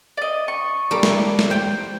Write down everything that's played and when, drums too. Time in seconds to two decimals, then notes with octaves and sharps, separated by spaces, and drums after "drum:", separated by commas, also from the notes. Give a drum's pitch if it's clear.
0.17 D5 D#5
0.48 C#6
0.91 G3 A#3 A4
1.03 drum: snare
1.39 drum: snare
1.50 C5 G5